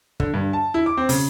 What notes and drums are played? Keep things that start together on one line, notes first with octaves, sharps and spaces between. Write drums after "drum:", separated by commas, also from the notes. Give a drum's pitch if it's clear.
D3, drum: kick
G2
A5
E4
D6
C4
C#3, drum: open hi-hat